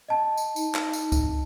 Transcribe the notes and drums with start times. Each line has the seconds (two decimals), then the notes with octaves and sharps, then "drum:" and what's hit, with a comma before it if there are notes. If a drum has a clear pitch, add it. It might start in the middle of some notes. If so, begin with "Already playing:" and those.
0.08 D#5 A5
0.38 drum: tambourine
0.56 D#4, drum: tambourine
0.75 drum: clap
0.93 drum: tambourine
1.12 drum: kick C#2, tambourine